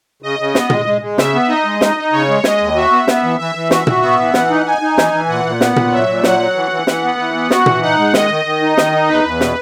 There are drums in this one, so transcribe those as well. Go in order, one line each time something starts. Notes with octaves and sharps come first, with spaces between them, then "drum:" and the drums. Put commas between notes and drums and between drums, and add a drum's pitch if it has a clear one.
C#3 D#5
C#3
B3, drum: snare
G#3, drum: tom A#2
G#3
G#3
C#3 E5, drum: snare
B3
D#4 D#5
G#3
D#4, drum: snare
D#4
C#3 C#5
G#3
G#3 D#5, drum: snare
D#2
F#4 E5
B3
B3, drum: snare
E3
E3 E5
E3
F#4, drum: snare
F#4, drum: tom A#2
B3 E5
E3
E3 F#5, drum: snare
D#4
D#4 G#5
D#4
E3, drum: snare
E3
A#2 F#5
A#2
B3, drum: snare
A#2, drum: tom A#2
F#3 E5
A#2
F#3 F#5, drum: snare
F#3
E3
E3
E3, drum: snare
B3
E3
B3
F#4, drum: snare
E3, drum: tom A#2
D#4 F#5
G#3
D#3 D#5, drum: snare
D#3
D#3
D#4
D#3, drum: snare
D#4
E2 B4
E2
B2, drum: snare